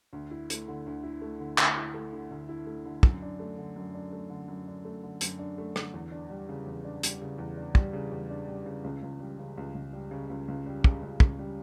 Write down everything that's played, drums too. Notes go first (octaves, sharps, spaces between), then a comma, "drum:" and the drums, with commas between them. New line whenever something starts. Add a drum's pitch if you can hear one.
D2
E4
A3, drum: hi-hat
D3
D2
E4
A3
D3
D2, drum: clap
E4
A3
D3
D2
E4
A3
D3
F#2, drum: kick
D4
A3
D3
F#2
D4
A3
D3
F#2
D4
A3
D3
F#2, drum: hi-hat
D4
A3
D3, drum: rim click
E2
D4
G3
C#3
E2
D4
G3, drum: hi-hat
C#3
E2
D4
G3, drum: kick
C#3
E2
D4
G3
C#3
C#2
C#2
G3
C#3
C#2
C#2
G3
C#3
C#2
C#2
G3
C#3, drum: kick
C#2
C#2, drum: kick
G3